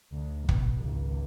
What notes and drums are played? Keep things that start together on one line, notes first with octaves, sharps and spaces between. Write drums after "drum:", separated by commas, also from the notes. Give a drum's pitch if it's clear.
D2
B2, drum: kick
G#1 C#2